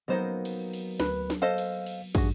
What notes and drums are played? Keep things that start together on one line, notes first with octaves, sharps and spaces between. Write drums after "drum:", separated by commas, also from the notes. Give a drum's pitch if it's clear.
F#3 A#3 B3 D#4 C5 D#5
drum: cymbal
drum: cymbal
D2 B4, drum: snare
drum: snare
A4 C5 D#5 F5
drum: cymbal
drum: cymbal
G2 F#4 G#4, drum: kick, cymbal